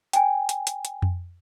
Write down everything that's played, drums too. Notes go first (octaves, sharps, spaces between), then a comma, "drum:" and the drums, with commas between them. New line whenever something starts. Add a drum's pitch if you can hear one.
G5 G#5, drum: hi-hat
drum: hi-hat
drum: hi-hat
drum: hi-hat
drum: tom F2